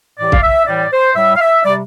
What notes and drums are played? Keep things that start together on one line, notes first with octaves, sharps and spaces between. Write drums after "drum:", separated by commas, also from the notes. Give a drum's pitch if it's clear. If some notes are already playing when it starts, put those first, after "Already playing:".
A2 E3 G3 D5
F5, drum: kick
E5
A2 E3 G3 D5
C5
A2 G3 E5
F5
E5
C3 G3 D5